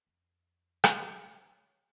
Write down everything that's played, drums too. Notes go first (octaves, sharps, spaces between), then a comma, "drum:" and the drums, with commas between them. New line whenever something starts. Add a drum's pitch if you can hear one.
F2
drum: rim click
G1 C#2 C5
D#3 C#5